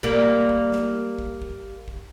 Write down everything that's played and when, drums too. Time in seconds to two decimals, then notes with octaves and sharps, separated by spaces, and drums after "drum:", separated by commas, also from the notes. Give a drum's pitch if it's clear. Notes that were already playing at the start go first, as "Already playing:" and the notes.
0.03 G3 A#3, drum: kick A1
0.49 drum: kick A1
0.72 drum: snare
1.19 drum: kick A1
1.42 drum: kick A1
1.88 drum: kick A1